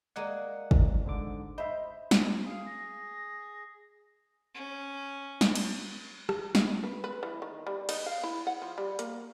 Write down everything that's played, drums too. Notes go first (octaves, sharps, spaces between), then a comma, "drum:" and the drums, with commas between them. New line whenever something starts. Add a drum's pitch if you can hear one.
G#3 A#3 D5 F#5 G#5 A#5
drum: kick
G#2 D3 D6
C5 D#5 E5 B5 G6
drum: snare
G#4 F5
A#6
C#4
drum: snare
drum: cymbal
drum: rim click
drum: snare
B4
B4
E3
D#3
G3
D#4, drum: cymbal
F5
E4
F#5
F3
G3
A#3, drum: hi-hat